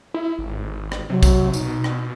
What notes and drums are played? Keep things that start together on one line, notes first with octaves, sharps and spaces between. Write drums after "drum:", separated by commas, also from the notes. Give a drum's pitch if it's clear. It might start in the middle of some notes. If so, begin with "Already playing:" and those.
E4
G#1
drum: rim click
C3 F#3
drum: kick, tambourine
B2 D#4, drum: tambourine
drum: rim click